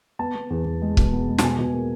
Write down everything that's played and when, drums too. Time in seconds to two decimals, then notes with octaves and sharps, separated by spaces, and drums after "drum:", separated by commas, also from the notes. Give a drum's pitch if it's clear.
0.19 B3 A5
0.35 B3
0.50 E2
0.65 E2
0.82 G#3
0.97 B2, drum: kick C#1
1.13 B3
1.28 G#3
1.39 A5, drum: snare
1.43 B2 G#5
1.58 B2
1.74 A#3